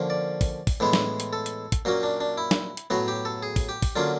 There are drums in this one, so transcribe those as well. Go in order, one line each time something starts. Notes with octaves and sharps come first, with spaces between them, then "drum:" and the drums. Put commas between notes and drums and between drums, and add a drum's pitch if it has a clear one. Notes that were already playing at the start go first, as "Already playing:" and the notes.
Already playing: D3 F3 A#3 C#4
D5
drum: kick, open hi-hat
drum: kick, open hi-hat
A2 E3 G#3 B3
drum: snare
drum: hi-hat
A4
drum: hi-hat
drum: kick, hi-hat
A#2 F#3 A#3 C#4 F#4
D4
D4
E4
drum: snare
drum: hi-hat
A2 F#3 B3 F#4
G4
A4
G#4
drum: kick, open hi-hat
G4
drum: kick, open hi-hat
D3 F#3 A#3 C#4 F4